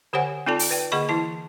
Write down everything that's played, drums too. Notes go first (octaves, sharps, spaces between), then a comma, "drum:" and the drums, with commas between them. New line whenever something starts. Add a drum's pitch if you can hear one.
D3 G4 C5 C#5 F#5 G#5
C4 D#4 F4 A4 D5 A5
drum: open hi-hat
B4 D5 G5
D3 A#3 G#4 D#5 B5 C#6
E3 E4 A5